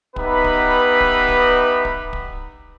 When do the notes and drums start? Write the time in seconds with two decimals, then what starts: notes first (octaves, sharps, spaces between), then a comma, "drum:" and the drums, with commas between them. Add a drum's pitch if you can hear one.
0.16 B3 D#4 G4 B4 E5 B5, drum: kick
0.44 drum: kick
1.01 drum: kick
1.29 drum: kick
1.85 drum: kick
2.13 drum: kick